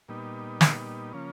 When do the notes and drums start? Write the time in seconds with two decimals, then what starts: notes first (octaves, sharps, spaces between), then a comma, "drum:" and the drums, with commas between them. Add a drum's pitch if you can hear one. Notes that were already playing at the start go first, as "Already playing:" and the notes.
0.09 A#2 G3 B3 D#4
0.61 drum: snare
1.13 C#3 F3 A#3 C#4